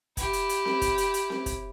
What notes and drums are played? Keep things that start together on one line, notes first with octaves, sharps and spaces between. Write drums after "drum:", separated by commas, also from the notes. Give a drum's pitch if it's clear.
E4 G4, drum: kick, hi-hat
drum: hi-hat
drum: hi-hat
drum: snare C4
drum: kick, hi-hat
drum: hi-hat
drum: hi-hat
drum: snare C4
drum: kick, hi-hat